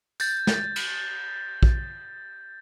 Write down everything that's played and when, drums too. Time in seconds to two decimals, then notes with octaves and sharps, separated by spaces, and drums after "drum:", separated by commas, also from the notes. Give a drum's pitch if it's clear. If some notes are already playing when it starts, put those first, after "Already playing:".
0.20 G6 A6, drum: tambourine
0.47 drum: snare
0.76 drum: cymbal
1.63 drum: kick